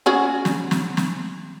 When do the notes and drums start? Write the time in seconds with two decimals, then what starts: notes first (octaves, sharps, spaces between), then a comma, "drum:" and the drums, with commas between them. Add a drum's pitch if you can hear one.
0.06 C#4 F#4 G#4
0.45 drum: snare
0.71 drum: snare
0.97 drum: snare